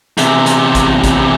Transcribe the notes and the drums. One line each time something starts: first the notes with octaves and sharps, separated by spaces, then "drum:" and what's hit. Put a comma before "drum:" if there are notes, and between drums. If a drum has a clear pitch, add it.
E2 C3, drum: hi-hat
drum: hi-hat
drum: kick, hi-hat
drum: kick, hi-hat